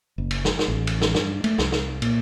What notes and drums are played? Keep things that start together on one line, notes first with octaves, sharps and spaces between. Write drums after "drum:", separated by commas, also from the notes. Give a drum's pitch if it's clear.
F#1
drum: cymbal
drum: snare
drum: snare
A1
drum: cymbal
drum: snare
G2, drum: snare
A3, drum: cymbal
C2, drum: snare
drum: snare
A#2, drum: cymbal